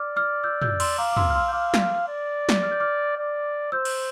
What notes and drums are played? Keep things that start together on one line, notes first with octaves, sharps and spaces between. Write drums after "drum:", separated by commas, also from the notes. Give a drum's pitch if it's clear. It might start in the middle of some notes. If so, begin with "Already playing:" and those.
Already playing: D5 D6 F6
D6 F6
E6 G6
E6 G6, drum: tom
C6 E6, drum: cymbal
F5 A#5 D6
D6
C6 E6, drum: tom
F6
C6 E6
G6
F5 D6 F6
drum: snare
D5
drum: snare
F6
G6
D6 F6
D5
C5 E6 G6
drum: cymbal